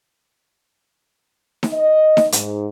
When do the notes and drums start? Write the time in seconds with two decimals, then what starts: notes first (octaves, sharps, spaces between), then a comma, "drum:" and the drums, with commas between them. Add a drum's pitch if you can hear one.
1.63 drum: snare D#4
1.73 D#5
2.17 drum: snare D#4
2.32 G#2, drum: hi-hat